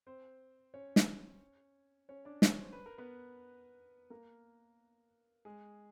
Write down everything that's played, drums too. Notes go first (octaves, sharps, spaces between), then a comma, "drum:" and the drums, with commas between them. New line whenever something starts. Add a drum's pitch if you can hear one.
C4 C5
C#4 C#5
drum: snare
C#4 C#5
D4 D5
C#4 C#5, drum: snare
C5
B4
A#4
B3 B4
A#3 A#4
G#3 G#4